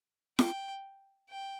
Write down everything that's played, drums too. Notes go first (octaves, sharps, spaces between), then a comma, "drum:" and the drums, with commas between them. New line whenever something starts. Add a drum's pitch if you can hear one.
G5, drum: snare
G5